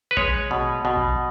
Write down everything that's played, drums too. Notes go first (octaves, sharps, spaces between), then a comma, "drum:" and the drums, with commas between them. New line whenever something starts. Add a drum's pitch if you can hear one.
B4
G#3 C#5, drum: kick A#1
B2
B2
drum: kick A#1